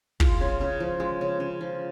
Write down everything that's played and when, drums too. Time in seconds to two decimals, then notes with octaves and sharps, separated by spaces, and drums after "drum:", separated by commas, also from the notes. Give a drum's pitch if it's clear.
0.20 G#3 F4, drum: kick
0.41 C#3
0.61 C#3
0.80 F3
1.00 G#3
1.21 C#3
1.40 C#3
1.61 F3